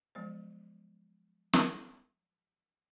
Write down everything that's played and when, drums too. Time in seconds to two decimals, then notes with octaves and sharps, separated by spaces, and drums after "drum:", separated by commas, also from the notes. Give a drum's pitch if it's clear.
0.15 F3 F#3 G#3 B3 C5
1.53 drum: snare